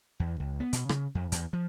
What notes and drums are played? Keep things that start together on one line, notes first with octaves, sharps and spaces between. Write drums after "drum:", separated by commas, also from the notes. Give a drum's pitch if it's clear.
E2
C#2
B3
B2, drum: hi-hat
C#3, drum: rim click
F2
E2, drum: hi-hat
F3